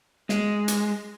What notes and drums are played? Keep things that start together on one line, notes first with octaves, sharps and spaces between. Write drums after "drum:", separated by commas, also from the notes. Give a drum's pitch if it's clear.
G#3, drum: snare
drum: hi-hat